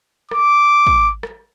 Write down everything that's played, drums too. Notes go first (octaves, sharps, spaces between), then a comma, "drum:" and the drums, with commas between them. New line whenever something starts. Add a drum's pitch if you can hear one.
D6, drum: rim click
drum: kick
drum: rim click